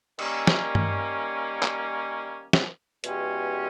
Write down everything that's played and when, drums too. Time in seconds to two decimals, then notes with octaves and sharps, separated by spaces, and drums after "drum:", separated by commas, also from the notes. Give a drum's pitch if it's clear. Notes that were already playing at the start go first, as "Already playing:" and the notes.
0.19 D#3 G3 A#3 C#4, drum: cymbal
0.47 drum: snare
0.75 drum: tom G2
1.63 drum: clap
2.53 drum: snare
3.04 E2 B2 G#3 C#4 G4, drum: hi-hat